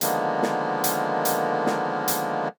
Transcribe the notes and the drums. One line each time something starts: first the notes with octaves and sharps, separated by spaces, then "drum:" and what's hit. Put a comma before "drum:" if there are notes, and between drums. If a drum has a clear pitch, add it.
D3 D#3 F3 G#3 A#3 B3, drum: hi-hat
drum: snare
drum: hi-hat
drum: hi-hat
drum: snare
drum: hi-hat